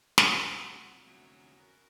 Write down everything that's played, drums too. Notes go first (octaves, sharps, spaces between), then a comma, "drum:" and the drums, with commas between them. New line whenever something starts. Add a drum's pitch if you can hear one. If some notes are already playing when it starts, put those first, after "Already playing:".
E2 G2 F3 F#3 F#4, drum: snare
C2 F2 F#5
D2 A2 F#3 C#4 A#5
B3 F#4 A#4